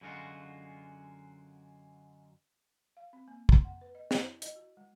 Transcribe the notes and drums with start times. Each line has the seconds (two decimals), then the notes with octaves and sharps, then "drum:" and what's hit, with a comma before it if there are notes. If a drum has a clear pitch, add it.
0.01 F#2 D3 G#3 F4 F#4
2.97 F5
3.13 C4
3.28 A#3
3.49 C6, drum: kick
3.65 F#5
3.81 B4
3.95 D#5
4.11 E4, drum: snare
4.42 D#5, drum: hi-hat
4.56 F#4
4.77 G#3